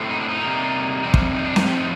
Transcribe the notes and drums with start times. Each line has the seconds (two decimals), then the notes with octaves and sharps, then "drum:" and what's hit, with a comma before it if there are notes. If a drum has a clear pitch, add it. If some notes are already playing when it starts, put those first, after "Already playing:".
Already playing: A2 A3 C4
0.10 D#4
0.20 D4
0.29 D#4
0.42 C3 G3 A#3
1.04 F2 C3 G3 C4
1.14 drum: kick
1.35 D#4
1.46 D4
1.56 D#4, drum: snare C4
1.66 A2 F3 A3 C4 G4
1.77 D#4